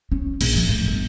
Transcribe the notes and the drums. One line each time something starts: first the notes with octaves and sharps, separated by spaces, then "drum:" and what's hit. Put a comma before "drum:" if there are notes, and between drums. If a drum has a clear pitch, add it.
C#4
A#1, drum: cymbal
F3
A2
G1